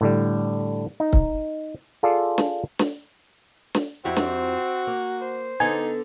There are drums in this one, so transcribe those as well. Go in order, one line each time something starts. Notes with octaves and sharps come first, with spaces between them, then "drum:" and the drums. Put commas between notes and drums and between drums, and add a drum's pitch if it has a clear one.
A2 D3 G3
D#4
drum: kick C#1
F4 G#4 A4 D5 F5
drum: snare
drum: snare
drum: snare
F2 C4 E4 F#4 G4
drum: snare
A#3
C5
D3 B3 D#4 A4 G#5